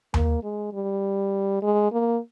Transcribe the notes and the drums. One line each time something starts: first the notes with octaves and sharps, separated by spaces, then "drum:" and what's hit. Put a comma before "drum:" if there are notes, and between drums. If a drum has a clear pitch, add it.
A#3, drum: tom D#2
G#3
G3
G#3
A#3